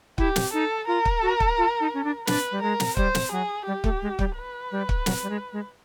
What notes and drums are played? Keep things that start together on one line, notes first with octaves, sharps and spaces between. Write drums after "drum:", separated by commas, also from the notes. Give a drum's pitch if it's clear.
E4 G4, drum: kick
drum: snare
D#4 A4
F4 A#4
drum: kick
F#4
drum: kick
F4
D#4
C#4
D4
D4 B4, drum: snare
G3
G#3 A#4
drum: snare
G3 C5, drum: kick
drum: snare
F#3 G#4
G3 G4
A3, drum: kick
G#3
G3, drum: kick
B4
G3
drum: kick
F#3, drum: snare
G3
G#3
G#3